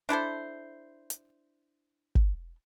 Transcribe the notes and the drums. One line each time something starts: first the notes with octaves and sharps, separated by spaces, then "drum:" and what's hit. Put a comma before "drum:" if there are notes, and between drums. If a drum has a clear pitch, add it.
D4 E4 A4 C5
drum: hi-hat
drum: kick